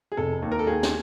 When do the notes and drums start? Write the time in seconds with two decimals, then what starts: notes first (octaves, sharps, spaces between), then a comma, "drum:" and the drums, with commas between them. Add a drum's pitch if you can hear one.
0.12 G#4
0.17 F1 A4
0.42 D#2
0.52 A#4
0.59 A4
0.67 D#2 G#4
0.83 drum: snare